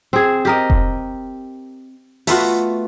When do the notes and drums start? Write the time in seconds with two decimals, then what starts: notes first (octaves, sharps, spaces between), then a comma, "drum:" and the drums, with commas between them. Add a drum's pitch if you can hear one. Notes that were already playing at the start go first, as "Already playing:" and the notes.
0.13 C4 G#4
0.45 G4 A#4 D#5
0.70 drum: kick F1
2.27 A3 B3 F4 F#4, drum: open hi-hat